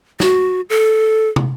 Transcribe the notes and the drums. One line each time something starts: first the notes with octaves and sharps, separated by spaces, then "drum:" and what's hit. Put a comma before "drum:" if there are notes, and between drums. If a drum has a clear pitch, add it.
F#4, drum: snare
A4
drum: tom